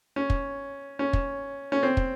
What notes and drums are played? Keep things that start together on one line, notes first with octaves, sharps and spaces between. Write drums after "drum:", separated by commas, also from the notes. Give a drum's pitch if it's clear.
C#4
drum: kick
C#4
drum: kick
C#4
C4
drum: kick